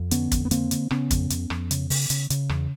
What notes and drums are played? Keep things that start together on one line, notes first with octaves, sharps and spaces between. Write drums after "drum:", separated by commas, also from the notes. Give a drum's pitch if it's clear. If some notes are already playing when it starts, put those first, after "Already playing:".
Already playing: F2
D3 B3 C#4, drum: hi-hat
F2, drum: kick, hi-hat
B3
D3 A#3 C4, drum: hi-hat
D3, drum: hi-hat
C#3 B3 C#4, drum: rim click
F2, drum: kick, hi-hat
F2, drum: hi-hat
F2, drum: rim click
C#3, drum: hi-hat
C#3, drum: open hi-hat
C#3, drum: hi-hat
C#3, drum: hi-hat
E2, drum: rim click